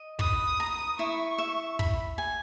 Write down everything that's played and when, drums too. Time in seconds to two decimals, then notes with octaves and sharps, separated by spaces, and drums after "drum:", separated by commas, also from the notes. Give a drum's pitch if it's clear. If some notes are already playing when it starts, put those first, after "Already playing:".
Already playing: D#5
0.19 B4 D#6, drum: kick
0.60 A#5
0.99 E4 C#6
1.38 E5
1.79 B5, drum: kick
2.18 G#5